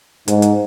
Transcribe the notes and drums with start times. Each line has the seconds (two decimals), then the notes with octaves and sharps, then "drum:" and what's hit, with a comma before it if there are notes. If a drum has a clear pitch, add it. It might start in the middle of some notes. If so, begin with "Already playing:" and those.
0.28 G#2, drum: hi-hat
0.42 drum: hi-hat